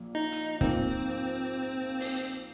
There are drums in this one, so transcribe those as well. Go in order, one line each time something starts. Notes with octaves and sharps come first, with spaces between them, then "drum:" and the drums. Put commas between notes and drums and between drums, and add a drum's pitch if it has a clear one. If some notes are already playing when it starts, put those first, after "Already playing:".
Already playing: A#1 A#2
D#4
drum: hi-hat
G#2 F3 A#3 C4, drum: kick
drum: open hi-hat